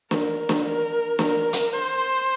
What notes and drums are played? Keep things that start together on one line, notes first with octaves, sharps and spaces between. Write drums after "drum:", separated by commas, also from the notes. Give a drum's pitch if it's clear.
A#4, drum: snare
drum: snare
A#4
A#4, drum: snare
drum: hi-hat
C5